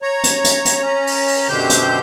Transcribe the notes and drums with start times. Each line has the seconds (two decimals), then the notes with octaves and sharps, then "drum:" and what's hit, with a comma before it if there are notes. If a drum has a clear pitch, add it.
0.02 C#5 A#5
0.23 drum: hi-hat
0.44 drum: hi-hat
0.65 drum: hi-hat
0.82 C#4 A#5
1.07 drum: open hi-hat
1.28 drum: open hi-hat
1.49 F#2 B2 D3 G4 C5 G6
1.70 drum: hi-hat